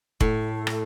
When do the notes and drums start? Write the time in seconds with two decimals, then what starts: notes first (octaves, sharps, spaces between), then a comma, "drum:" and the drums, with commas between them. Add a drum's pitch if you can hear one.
0.21 A2, drum: kick
0.67 drum: rim click